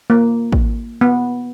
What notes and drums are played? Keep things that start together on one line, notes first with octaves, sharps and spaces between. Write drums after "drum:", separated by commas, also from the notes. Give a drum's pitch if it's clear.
A#3
drum: kick
B3